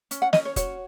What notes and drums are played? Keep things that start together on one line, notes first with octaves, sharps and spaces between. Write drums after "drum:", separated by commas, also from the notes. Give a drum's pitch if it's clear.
C#4, drum: hi-hat
F#5
C#4 D#5, drum: snare
C#5
F#4 C#5, drum: kick F1, hi-hat